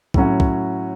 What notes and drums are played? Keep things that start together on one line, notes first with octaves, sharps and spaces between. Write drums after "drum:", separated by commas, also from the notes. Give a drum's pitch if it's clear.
A2 F#3 C#4 F#4, drum: kick
drum: kick